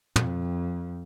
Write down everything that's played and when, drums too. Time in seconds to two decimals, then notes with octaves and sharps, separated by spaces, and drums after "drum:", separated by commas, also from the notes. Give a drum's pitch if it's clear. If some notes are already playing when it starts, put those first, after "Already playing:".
0.16 F2, drum: tom